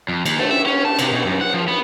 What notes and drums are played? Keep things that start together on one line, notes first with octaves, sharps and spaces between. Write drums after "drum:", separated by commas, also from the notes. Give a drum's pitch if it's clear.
F2
D#2, drum: cymbal
A3, drum: cymbal
E5
C#4
A5
C3, drum: cymbal
B2
F#2
F#5
F3
B3